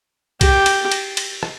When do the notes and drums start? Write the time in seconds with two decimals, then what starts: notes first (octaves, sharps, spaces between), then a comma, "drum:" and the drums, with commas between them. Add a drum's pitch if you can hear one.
0.41 G4, drum: kick B1, cymbal
0.66 drum: cymbal
0.92 drum: cymbal
1.17 drum: cymbal
1.43 drum: rim click